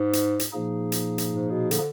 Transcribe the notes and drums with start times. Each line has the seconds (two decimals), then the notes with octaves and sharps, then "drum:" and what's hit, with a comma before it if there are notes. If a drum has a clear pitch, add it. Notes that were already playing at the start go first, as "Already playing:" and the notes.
Already playing: G#2
0.13 drum: hi-hat
0.40 drum: hi-hat
0.53 A#2 F3 A#3 D#4 G#4
0.92 drum: hi-hat
1.18 drum: hi-hat
1.31 G#2
1.51 B2
1.71 D3, drum: hi-hat